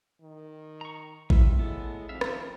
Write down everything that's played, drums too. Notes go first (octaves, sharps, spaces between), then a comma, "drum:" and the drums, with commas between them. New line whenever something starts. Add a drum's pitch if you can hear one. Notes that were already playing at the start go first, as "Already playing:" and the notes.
D#3
A#5 C#6
E3 G3 F4 E5, drum: kick A1
A2 G#3 B3 A4
G#1 F2 E5 F5
drum: rim click